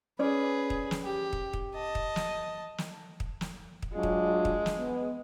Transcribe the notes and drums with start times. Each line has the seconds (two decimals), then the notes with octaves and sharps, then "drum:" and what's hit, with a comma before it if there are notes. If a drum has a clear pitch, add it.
0.19 C#4 G#4 B4 D5
0.70 drum: kick
0.91 drum: snare
1.04 G4
1.33 drum: kick
1.53 drum: kick
1.74 D#5 A5
1.95 drum: kick
2.16 drum: snare
2.78 drum: snare
3.20 drum: kick
3.41 drum: snare
3.82 drum: kick
3.94 F#3 G#3 D4 F4
4.03 drum: kick
4.45 drum: kick
4.66 drum: snare
4.77 B3